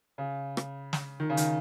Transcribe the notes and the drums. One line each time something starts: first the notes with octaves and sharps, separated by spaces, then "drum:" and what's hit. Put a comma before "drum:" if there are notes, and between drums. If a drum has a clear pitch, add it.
C#3
drum: rim click
drum: snare
D#3
C#3
D#3, drum: hi-hat